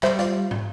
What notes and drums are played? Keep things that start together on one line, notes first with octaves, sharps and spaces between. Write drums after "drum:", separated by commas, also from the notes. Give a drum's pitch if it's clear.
G3 C5 E5, drum: clap
F4 D5 F5, drum: hi-hat
drum: tom